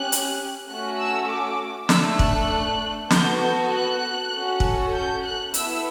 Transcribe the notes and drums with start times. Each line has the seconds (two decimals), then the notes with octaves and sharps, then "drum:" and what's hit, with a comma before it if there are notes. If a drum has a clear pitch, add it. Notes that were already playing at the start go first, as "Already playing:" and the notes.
Already playing: C#4 G4 F#6
0.12 drum: hi-hat
0.68 A3 C#4 F#4 F#6
0.97 E6
1.28 D6
1.89 A3 D4 A4 E6, drum: snare
2.19 F#6, drum: kick
3.10 B3 F#4 A4 G6, drum: snare
3.71 F#6
4.31 C#4 F#4 A4
4.60 drum: kick
4.93 G6
5.23 F#6
5.54 B3 E4 A4 E6, drum: hi-hat